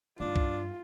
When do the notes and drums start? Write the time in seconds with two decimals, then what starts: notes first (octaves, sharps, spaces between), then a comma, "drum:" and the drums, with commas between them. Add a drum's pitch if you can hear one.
0.20 G2 D4 F4
0.36 drum: kick C2